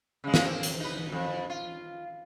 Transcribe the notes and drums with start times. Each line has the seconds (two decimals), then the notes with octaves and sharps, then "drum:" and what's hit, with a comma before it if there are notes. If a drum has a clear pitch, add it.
0.24 C#3 G#3
0.34 drum: snare
0.44 A#3 C4
0.63 drum: hi-hat
0.80 D#4 B4
1.12 F2
1.50 F4